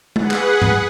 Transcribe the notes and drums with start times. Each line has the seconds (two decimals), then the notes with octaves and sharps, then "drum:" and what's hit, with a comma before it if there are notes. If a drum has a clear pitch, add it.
0.16 G#4 B4 F#5, drum: tom G#3
0.31 drum: clap
0.62 drum: tom G2